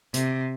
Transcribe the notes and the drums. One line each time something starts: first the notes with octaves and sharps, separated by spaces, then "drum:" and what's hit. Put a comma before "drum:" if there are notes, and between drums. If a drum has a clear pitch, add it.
C3, drum: hi-hat